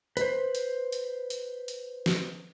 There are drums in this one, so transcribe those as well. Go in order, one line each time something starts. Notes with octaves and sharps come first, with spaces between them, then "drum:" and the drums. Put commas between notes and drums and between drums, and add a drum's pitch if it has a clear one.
B4 C5, drum: hi-hat
drum: hi-hat
drum: hi-hat
drum: hi-hat
drum: hi-hat
drum: snare